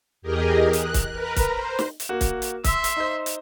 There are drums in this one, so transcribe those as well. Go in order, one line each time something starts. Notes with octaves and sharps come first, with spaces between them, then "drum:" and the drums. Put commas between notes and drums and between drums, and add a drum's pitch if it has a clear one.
E2 G4 G#4 A#4 D#5
F#6, drum: hi-hat
drum: kick, hi-hat
A#4 B4 A#5
drum: kick, hi-hat
C5
drum: snare
drum: hi-hat
A#3 F#4
drum: kick, hi-hat
drum: hi-hat
E5 C6 E6, drum: kick, hi-hat
drum: hi-hat
D#4 C5
drum: hi-hat